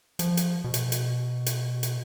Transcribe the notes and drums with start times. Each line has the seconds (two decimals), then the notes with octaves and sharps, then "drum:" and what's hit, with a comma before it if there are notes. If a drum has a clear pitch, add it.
0.19 F3, drum: hi-hat
0.37 drum: hi-hat
0.64 B2
0.74 drum: hi-hat
0.92 drum: hi-hat
1.46 drum: hi-hat
1.83 drum: hi-hat